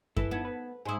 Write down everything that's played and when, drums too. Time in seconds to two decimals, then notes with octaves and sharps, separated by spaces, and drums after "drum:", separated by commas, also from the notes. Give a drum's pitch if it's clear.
0.17 E4 A4 B4, drum: kick F#2
0.31 B3 D#4 G#6 E7
0.45 B4
0.85 G#2 E4 G#5 C6 D#6